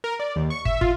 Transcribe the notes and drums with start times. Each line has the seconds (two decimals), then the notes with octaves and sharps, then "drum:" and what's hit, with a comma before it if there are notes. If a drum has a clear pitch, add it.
0.04 A#4
0.20 D5
0.36 D#2
0.50 C#6
0.65 E5, drum: kick
0.81 F4, drum: kick